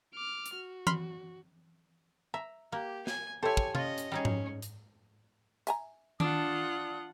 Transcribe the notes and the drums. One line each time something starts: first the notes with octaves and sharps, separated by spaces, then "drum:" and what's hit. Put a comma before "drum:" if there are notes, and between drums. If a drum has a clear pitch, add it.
D6 F6
drum: hi-hat
F#4
B5 C6 F6, drum: tom E3
E5 A#5
A#3 G4
G#5, drum: snare
E4 G4 A4 C5 C#5 G#5
drum: kick
C#4 F4 D#5, drum: tom C3
drum: hi-hat
G3 C#4 D#4 G#4
drum: tom G#2
drum: hi-hat
E5 G#5 A#5, drum: hi-hat
D4 F4 F#5 D#6, drum: tom D#3